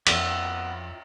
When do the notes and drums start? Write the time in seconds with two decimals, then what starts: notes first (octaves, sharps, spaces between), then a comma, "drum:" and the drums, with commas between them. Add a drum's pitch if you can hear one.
0.07 F2 B3 F4 E5, drum: cymbal